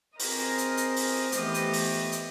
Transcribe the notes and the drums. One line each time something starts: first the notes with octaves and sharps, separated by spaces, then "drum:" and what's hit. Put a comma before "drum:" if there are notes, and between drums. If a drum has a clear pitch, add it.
C4 G#4 A#4 C5 D#5, drum: open hi-hat
drum: hi-hat
drum: hi-hat
drum: open hi-hat
E3 A3 B3 G4 C5 D#5, drum: hi-hat
drum: hi-hat
drum: open hi-hat
drum: hi-hat